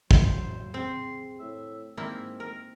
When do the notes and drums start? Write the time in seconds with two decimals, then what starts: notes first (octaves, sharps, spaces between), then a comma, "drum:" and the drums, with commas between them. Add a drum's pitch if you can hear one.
0.11 F#3 C5 E5, drum: kick
0.74 C4 G#4 C6
1.40 A2 E5
1.97 G#2 A#3 C4 E4 E5
2.40 A#4